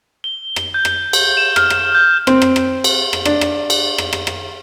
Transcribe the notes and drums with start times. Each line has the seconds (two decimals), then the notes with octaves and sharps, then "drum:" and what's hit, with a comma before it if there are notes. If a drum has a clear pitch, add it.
0.24 G7
0.56 drum: rim click
0.74 G6
0.85 drum: rim click
1.13 drum: cymbal
1.37 E7
1.56 F6, drum: rim click
1.70 drum: rim click
1.95 G6
2.27 C4, drum: rim click
2.42 drum: rim click
2.56 drum: rim click
2.84 drum: cymbal
3.13 drum: rim click
3.25 D4, drum: rim click
3.41 drum: rim click
3.70 drum: cymbal
3.98 drum: rim click
4.13 drum: rim click
4.27 drum: rim click